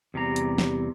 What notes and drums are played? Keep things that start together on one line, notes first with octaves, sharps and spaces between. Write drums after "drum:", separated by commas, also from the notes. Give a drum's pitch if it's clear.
E2 C3 G3 A#5
drum: hi-hat
drum: snare